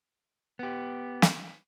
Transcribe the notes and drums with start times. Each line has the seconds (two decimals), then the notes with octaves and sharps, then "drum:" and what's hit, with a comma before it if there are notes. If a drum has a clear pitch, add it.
0.59 B3 G4
1.22 drum: snare